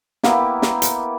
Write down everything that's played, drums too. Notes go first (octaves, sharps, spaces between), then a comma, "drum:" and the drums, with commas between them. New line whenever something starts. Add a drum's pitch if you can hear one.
A#3 B3 E4 G4, drum: snare
drum: snare
drum: hi-hat